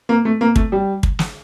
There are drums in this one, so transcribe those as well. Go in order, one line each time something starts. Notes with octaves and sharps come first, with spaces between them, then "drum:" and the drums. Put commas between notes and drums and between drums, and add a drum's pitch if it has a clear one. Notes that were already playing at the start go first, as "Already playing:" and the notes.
A#3
A3
A#3
A3, drum: kick
G3
drum: kick
drum: snare